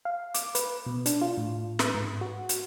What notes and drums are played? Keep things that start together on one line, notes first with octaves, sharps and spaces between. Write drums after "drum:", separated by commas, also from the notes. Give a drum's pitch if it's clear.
F5
D6, drum: hi-hat
B4, drum: hi-hat
B2
D4, drum: hi-hat
F4
A2
B4, drum: snare
G#2
F#4
drum: hi-hat